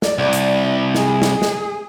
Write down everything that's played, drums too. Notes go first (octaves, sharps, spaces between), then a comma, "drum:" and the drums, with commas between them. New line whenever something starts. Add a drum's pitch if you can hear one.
D5, drum: snare
C2 D5
drum: hi-hat
G#4, drum: snare
drum: snare
drum: snare